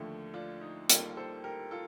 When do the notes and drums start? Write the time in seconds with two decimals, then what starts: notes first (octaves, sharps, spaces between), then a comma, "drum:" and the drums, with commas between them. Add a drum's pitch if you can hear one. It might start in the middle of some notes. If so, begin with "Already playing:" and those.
Already playing: D#2 D3 F3 A3
0.34 D4 F4
0.61 D#4
0.90 D#2 D#3 G3 A#3 F4 A4, drum: hi-hat
1.17 A4 C5
1.44 G4 A#4
1.71 F4 A4